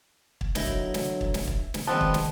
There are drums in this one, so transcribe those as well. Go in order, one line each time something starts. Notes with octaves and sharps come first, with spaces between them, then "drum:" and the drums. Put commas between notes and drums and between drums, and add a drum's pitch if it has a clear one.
drum: kick
B2 D3 F#3 D#4 E4 A#4, drum: snare
drum: kick
drum: snare
drum: kick
drum: snare
drum: kick
drum: snare
D2 A#2 D#3 F3 G#3 B3 C4 A5
drum: kick
drum: snare